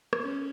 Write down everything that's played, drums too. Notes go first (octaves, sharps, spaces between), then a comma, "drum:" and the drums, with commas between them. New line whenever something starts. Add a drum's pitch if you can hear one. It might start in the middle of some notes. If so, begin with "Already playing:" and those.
drum: rim click
C#4